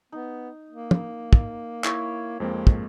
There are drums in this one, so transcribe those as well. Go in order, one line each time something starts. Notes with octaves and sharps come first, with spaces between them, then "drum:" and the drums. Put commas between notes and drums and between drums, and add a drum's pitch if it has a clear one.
B3 D#4
A#3
drum: tom
drum: kick
E4 C#5, drum: clap
F2 G#3 A#3 C4
drum: kick